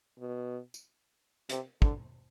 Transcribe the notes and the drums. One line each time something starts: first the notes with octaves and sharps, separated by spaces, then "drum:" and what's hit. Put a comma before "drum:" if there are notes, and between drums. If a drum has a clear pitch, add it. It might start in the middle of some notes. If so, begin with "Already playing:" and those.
B2
drum: tambourine
C3, drum: hi-hat
D3, drum: kick